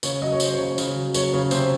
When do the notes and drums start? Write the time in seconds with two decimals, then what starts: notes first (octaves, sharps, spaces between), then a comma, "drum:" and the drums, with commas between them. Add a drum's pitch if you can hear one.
0.03 C#3 C#5, drum: tambourine
0.22 F#3 D#5
0.32 C#5
0.40 F#3 C5, drum: tambourine
0.54 C#3 C#5
0.78 C#3, drum: tambourine
0.96 F#3
1.14 F#3 C#5, drum: tambourine
1.33 C#3 C#5
1.51 C3 C5, drum: tambourine